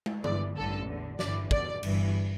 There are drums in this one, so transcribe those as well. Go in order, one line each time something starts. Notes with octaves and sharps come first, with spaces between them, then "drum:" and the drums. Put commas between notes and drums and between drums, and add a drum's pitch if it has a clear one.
drum: tom
G1 G2 E3 D5, drum: tom
A1 G2 D3 A4
E2 D3
G1 G2 E3 D5, drum: snare
E2 B2 D5, drum: kick
G1 G2 E3, drum: cymbal